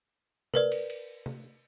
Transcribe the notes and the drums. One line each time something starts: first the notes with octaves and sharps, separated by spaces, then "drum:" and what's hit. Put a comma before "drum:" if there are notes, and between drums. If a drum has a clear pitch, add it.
A#4 B4 D5, drum: tom
drum: cymbal
drum: cymbal
drum: tom